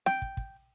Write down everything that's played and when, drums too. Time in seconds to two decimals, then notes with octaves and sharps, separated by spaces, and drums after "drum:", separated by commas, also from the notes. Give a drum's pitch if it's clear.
0.06 G5, drum: snare
0.22 drum: kick
0.37 drum: kick